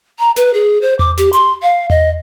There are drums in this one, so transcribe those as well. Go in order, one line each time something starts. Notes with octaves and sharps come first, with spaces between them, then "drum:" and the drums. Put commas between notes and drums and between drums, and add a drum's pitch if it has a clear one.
A#5
B4, drum: snare
G#4
C5
D6, drum: tom E2
G4, drum: snare
C6, drum: hi-hat
F5
D#5, drum: tom E2